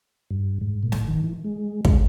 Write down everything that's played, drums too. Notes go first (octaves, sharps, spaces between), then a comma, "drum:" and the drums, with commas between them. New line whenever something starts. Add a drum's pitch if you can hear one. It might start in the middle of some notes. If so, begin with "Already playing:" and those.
G2
G#2
A#2
A2, drum: snare
D#3
E3
G#3
G#3, drum: kick